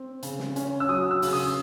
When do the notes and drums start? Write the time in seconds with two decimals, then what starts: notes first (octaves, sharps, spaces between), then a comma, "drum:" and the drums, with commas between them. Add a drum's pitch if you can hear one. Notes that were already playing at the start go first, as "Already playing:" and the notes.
Already playing: C4
0.23 C#3, drum: hi-hat
0.39 drum: snare
0.56 C#4, drum: hi-hat
0.80 E6
0.89 F#3 D#6
1.11 E6
1.22 C#3, drum: open hi-hat
1.33 D#6